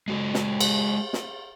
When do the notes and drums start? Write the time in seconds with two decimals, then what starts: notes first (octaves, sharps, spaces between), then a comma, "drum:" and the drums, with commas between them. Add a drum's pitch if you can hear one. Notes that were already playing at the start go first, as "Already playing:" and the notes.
0.08 G#3 F#4 A4
0.34 drum: snare
0.61 drum: cymbal
1.13 drum: snare